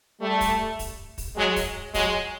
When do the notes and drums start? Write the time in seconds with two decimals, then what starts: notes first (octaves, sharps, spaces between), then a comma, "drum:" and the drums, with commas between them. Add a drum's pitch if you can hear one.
0.21 G3 A3
0.41 drum: kick, open hi-hat
0.79 drum: kick, open hi-hat
1.18 drum: kick, open hi-hat
1.37 F#3 G#3
1.56 drum: kick, open hi-hat
1.94 F#3 G#3, drum: kick, open hi-hat